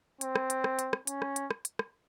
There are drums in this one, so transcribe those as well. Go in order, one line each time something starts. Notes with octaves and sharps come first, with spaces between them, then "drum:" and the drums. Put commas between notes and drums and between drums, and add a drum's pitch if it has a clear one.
C4, drum: hi-hat
drum: rim click
drum: hi-hat
drum: rim click
drum: hi-hat
drum: rim click
C#4, drum: hi-hat
drum: rim click
drum: hi-hat
drum: rim click
drum: hi-hat
drum: rim click